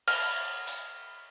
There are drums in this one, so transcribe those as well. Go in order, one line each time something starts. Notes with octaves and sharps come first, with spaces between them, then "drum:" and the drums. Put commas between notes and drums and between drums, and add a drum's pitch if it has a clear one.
F6, drum: cymbal
drum: open hi-hat